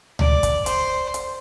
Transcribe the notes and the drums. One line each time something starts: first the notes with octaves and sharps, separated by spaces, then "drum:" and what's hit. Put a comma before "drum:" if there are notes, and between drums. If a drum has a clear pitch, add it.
D5, drum: tom C#2
drum: kick, hi-hat
C5, drum: hi-hat
drum: hi-hat